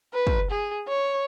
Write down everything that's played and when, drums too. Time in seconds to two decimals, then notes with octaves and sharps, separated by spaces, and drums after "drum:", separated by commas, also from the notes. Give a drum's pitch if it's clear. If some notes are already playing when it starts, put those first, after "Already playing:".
0.13 B4
0.27 drum: kick
0.50 G#4
0.88 C#5